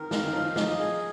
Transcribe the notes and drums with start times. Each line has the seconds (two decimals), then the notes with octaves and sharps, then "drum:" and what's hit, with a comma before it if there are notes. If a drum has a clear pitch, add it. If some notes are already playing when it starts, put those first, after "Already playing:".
Already playing: D#3 A#4
0.11 D#3 F5, drum: snare
0.23 D#3
0.33 F3 D#4
0.56 F3 D#5, drum: snare
0.78 G#4